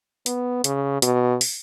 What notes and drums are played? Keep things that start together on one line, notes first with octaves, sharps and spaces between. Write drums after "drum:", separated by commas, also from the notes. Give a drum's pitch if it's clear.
B3, drum: hi-hat
C#3, drum: hi-hat
B2, drum: hi-hat
drum: open hi-hat